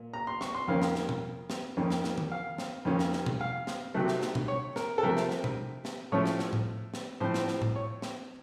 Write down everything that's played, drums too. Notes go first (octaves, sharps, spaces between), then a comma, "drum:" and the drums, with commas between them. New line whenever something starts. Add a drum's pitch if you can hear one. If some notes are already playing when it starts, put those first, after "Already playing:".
Already playing: A#2
A#5
C6
C#6, drum: snare
C6
F2 D#3 A#3 C#4 F5
drum: snare
drum: snare
drum: tom B2
drum: snare
F2 D#3 A#3 C#4
drum: snare
drum: snare
drum: tom
F5
drum: snare
F2 D#3 A#3 C#4
drum: snare
drum: snare
drum: tom B2
F5
drum: snare
C3 D#3 F#3 A3
drum: snare
drum: snare
drum: tom B2
C#5
A#4, drum: snare
A4
C3 F3 A3 A#4
drum: snare
drum: snare
drum: tom B2
drum: snare
A2 F3 A3 C#4 C#5
drum: snare
drum: snare
drum: tom A2
drum: snare
A2 F3 C4 C5
drum: snare
drum: snare
drum: tom A2
C#5
drum: snare